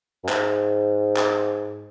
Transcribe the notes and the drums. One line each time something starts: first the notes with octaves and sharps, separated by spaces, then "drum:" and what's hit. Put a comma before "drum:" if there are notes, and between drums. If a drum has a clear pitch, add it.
F#2
G#2, drum: clap
drum: clap